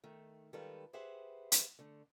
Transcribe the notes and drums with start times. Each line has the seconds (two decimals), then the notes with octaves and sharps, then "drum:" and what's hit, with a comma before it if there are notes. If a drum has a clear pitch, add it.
0.04 D#3 A3
0.53 D#3 G3 G#3 F4 A4 B4
0.93 G4 G#4 B4 C5 E5 F#5
1.52 drum: hi-hat
1.79 D3 A3